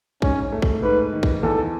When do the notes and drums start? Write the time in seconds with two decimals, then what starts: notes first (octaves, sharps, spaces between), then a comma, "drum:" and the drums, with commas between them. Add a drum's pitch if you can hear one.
0.22 G#2 C#4, drum: kick
0.52 A3
0.62 drum: kick
0.82 G#2 B4
1.13 D#3
1.23 drum: kick
1.43 E2 A4